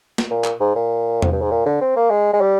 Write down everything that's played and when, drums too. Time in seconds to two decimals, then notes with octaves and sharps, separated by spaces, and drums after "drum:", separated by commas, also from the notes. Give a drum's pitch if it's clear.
0.18 drum: snare
0.30 A#2
0.44 drum: clap
0.60 G#2
0.75 A#2
1.22 F2, drum: tom E2
1.32 G2
1.41 G#2
1.51 A#2
1.66 D3
1.81 C4
1.96 A#3
2.10 G#3
2.33 G#3
2.41 G3